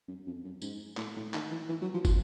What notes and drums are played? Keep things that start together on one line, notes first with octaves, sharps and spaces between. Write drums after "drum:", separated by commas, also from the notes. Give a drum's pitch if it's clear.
F#2
F2
F#2
G#2, drum: tambourine
A2, drum: clap
A2
D#3, drum: clap
E3
E3
F#3
F3
F3, drum: kick, tambourine